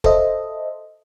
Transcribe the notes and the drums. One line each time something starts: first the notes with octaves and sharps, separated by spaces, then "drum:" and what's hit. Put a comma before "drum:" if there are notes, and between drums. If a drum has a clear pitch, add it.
A4 C5 D#5 E5, drum: kick